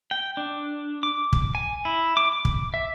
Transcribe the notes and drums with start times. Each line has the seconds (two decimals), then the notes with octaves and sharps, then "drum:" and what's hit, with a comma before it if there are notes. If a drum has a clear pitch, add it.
0.11 G5
0.37 D4
1.03 D6
1.33 drum: kick
1.55 G#5
1.85 E4
2.17 D6
2.32 D6
2.45 drum: kick
2.74 E5